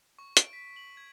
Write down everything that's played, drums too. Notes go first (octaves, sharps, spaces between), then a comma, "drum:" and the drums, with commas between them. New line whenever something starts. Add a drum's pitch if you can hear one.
C#6
D7, drum: hi-hat
B6
F#7
G#6